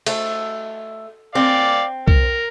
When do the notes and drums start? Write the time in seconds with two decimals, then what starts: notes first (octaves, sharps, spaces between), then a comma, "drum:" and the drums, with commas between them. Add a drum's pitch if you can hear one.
0.06 A3, drum: cymbal
1.35 C4 D5 F5
2.08 A#4, drum: kick